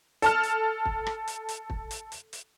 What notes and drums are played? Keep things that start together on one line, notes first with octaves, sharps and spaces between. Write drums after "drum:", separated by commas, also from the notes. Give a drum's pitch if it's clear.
A4 A5 F6, drum: hi-hat
drum: hi-hat
drum: kick
drum: rim click
drum: hi-hat
drum: hi-hat
drum: kick
drum: hi-hat
drum: hi-hat
drum: hi-hat